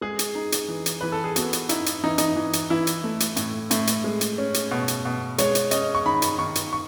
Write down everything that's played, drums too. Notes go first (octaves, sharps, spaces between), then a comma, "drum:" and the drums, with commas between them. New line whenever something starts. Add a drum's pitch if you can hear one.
G#3 G#4
drum: hi-hat
D#4
drum: hi-hat
E3
drum: hi-hat
E3 B4
A4
G#4
B3 F#4, drum: hi-hat
drum: hi-hat
D#4 E4, drum: hi-hat
drum: hi-hat
E3 D#4
D#4, drum: hi-hat
E3
drum: hi-hat
E3 E4
drum: hi-hat
A3
drum: hi-hat
A2, drum: hi-hat
A2, drum: hi-hat
drum: hi-hat
G#3
drum: hi-hat
C#4
drum: hi-hat
B2
drum: hi-hat
B2
G#3 C#5, drum: hi-hat
drum: hi-hat
C#4 D#5, drum: hi-hat
C#6
D#3 B5
drum: hi-hat
D#3 C#6
drum: hi-hat
C#6